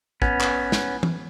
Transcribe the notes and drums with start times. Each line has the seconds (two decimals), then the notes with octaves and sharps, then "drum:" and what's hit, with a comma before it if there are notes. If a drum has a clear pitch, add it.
0.22 B3 C#4, drum: kick
0.41 drum: clap
0.72 drum: snare
1.03 drum: tom